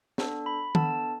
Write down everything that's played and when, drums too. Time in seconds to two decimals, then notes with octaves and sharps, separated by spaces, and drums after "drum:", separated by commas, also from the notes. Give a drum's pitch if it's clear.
0.18 B3 D4 A4, drum: snare
0.46 B5
0.75 B3 D4 A4 A5, drum: tom D#3